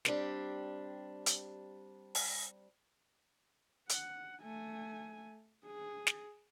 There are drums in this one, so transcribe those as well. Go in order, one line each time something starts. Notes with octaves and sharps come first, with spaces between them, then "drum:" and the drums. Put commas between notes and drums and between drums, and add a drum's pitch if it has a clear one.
G3 C4 D4 G4, drum: snare
drum: hi-hat
drum: open hi-hat
F#5, drum: hi-hat
A3 G#5
G#4
drum: snare